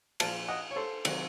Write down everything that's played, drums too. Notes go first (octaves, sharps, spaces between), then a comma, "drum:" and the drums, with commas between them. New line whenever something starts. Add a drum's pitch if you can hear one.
A#2 F3 F5 A5, drum: cymbal
D#5 F#5
C#5
A4 C5
C3 D#3 F#3, drum: cymbal